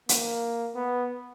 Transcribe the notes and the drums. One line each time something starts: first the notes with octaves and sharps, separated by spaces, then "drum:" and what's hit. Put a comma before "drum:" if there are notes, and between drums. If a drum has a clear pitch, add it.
A#3, drum: hi-hat
B3